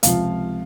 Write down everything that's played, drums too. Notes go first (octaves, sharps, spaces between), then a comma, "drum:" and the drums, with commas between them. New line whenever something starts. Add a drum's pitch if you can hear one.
C#2 C3 F3 F5, drum: hi-hat